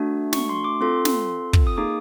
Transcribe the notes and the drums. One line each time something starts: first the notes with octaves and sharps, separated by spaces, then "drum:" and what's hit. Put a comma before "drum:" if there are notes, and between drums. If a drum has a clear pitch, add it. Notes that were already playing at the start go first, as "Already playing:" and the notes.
Already playing: A3 D4 F#4
C#6, drum: snare
C6
D6
C4 F4 A4 C6
drum: snare
drum: kick
D#6
A#3 D#4 G#4 D6